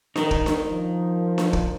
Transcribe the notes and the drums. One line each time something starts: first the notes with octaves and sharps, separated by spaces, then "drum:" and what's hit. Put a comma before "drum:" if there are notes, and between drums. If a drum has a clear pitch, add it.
D#4 A#4, drum: snare D4
drum: kick
drum: snare D4
F3
drum: snare D4
drum: kick